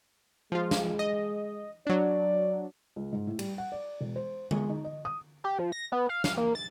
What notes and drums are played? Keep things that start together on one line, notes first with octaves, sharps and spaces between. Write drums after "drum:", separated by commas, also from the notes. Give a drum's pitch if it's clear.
F3 G#3 F4
drum: snare
D#5
F#3 D4 D5
C#2
G#2
A2
G3, drum: cymbal
F#5
D5
E1
C5
G#3, drum: tom D3
D#4
D#5
D#6
G4
F3
A#6
B3
F5
F5, drum: snare
A#3
A6